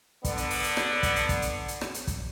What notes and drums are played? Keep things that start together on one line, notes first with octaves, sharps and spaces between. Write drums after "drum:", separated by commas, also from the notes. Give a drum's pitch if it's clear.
D3 B3 D5, drum: kick, hi-hat
drum: hi-hat
drum: open hi-hat
drum: hi-hat
drum: rim click
drum: kick, hi-hat
drum: hi-hat
drum: kick, hi-hat
drum: hi-hat
drum: hi-hat
drum: rim click
drum: hi-hat
drum: kick, hi-hat